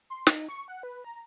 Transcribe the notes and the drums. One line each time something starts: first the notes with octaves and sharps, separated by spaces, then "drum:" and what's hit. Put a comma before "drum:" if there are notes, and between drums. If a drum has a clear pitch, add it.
C6
D#4, drum: snare
C#6
F#5
B4
A#5